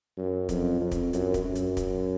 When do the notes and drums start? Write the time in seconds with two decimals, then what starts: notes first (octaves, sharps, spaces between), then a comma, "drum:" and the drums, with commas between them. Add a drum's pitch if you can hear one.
0.17 F#2
0.49 F2, drum: kick, hi-hat
0.81 F2
0.91 drum: kick, hi-hat
1.13 F#2, drum: hi-hat
1.34 drum: kick, hi-hat
1.45 F#2
1.55 drum: hi-hat
1.77 drum: kick, hi-hat